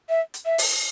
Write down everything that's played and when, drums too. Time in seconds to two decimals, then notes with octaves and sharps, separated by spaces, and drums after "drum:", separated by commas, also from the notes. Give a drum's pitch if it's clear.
0.09 E5
0.34 drum: hi-hat
0.46 E5
0.58 drum: open hi-hat